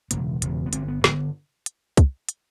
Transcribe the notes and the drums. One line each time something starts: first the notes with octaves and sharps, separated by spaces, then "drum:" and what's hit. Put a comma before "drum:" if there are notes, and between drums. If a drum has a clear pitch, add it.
E1 E2 C#3 A#3, drum: hi-hat
E1 E2 C#3, drum: hi-hat
B3
G1 G2 D3 C4, drum: hi-hat
B3
G1 G2 D3 B3, drum: snare
drum: hi-hat
drum: kick, hi-hat
drum: hi-hat